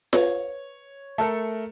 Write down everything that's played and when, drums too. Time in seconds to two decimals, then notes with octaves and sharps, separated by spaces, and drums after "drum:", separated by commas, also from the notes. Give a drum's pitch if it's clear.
0.13 B4 C#5, drum: snare F4
1.18 A3 A4 A#4 A5